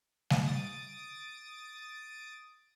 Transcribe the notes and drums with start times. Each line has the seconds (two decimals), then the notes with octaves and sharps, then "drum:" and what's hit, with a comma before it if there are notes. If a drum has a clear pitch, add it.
0.30 drum: snare G3
0.46 D#6 A6 D7